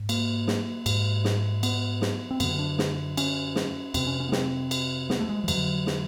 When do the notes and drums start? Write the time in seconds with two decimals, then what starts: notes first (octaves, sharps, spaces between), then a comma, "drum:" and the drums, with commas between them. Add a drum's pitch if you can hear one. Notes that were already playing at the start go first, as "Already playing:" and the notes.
Already playing: G#2
0.09 A#3, drum: cymbal
0.48 drum: snare
0.86 G#2, drum: cymbal
1.25 drum: snare
1.63 B3, drum: cymbal
2.02 drum: snare
2.31 C4
2.40 F#2 D3 B3, drum: cymbal
2.59 D4
2.79 drum: snare
3.17 C#4, drum: cymbal
3.56 drum: snare
3.94 F2 C3 C4, drum: cymbal
4.07 C#4
4.20 C#4
4.29 B3
4.32 C4, drum: snare
4.71 drum: cymbal
5.10 B3, drum: snare
5.19 A3
5.29 G#3
5.44 F3
5.48 F2 D3 F#3, drum: cymbal
5.87 drum: snare